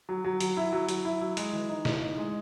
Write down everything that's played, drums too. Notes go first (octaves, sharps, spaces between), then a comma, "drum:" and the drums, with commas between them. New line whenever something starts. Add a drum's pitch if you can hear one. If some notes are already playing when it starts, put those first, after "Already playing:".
F#3
F#3
F#3, drum: hi-hat
E4
F#3
F#3, drum: hi-hat
E4
F#3
G#3, drum: hi-hat
E3
D#4
E3, drum: snare
D#4
G#3